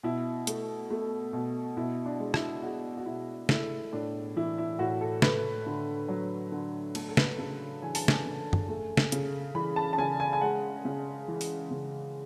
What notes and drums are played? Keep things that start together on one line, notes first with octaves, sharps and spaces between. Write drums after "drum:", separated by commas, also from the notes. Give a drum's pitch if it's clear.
B2 E4
A3, drum: hi-hat
A3
B2
B2 E4
D4
G#3
E4, drum: rim click
G#3 F#4
F#4
B2 E4
A3 E4, drum: snare
A2 D4
E3 E4
E4
A2 F#4
A4
A3 B4, drum: snare
D3
F#3
D3
A3 A4, drum: cymbal
A4
B4, drum: snare
C#3 A4
E3 G#5
A5, drum: open hi-hat
G#5, drum: snare
C#3
drum: tom F#2
A3
drum: snare
C#3, drum: hi-hat
E3 B5
A5
A5
C#3 G#5
G#5
G#5
G#3 F#5
C#3
E3
drum: open hi-hat
C#3